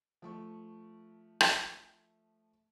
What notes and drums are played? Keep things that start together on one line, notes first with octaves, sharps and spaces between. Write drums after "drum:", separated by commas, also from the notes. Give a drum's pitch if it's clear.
F3 A3 C#6
drum: rim click